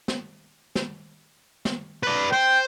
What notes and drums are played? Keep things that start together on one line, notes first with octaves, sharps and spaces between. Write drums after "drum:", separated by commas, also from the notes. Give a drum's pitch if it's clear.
drum: snare
drum: snare
drum: snare
B4 D5
C5 G5